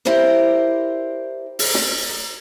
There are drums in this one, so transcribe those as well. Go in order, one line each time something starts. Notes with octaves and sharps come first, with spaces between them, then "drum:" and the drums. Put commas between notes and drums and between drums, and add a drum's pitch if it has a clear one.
E4 G4 A#4 C5 D5
drum: open hi-hat
drum: snare